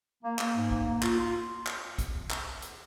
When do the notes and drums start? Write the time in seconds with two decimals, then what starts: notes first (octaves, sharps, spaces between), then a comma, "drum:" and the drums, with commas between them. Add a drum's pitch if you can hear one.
0.24 A#3
0.39 A#3, drum: clap
0.55 G#2
0.71 A#3, drum: kick
0.87 A#3
1.03 F4, drum: clap
1.19 F4
1.67 drum: clap
1.98 drum: kick, hi-hat
2.30 drum: clap
2.62 drum: hi-hat